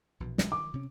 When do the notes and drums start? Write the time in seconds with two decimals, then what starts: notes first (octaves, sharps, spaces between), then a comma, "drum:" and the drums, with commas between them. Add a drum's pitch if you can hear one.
0.20 A#1 B2 E3
0.38 B1 F#3 G#3, drum: snare
0.52 D#3 D6
0.74 C3 C#4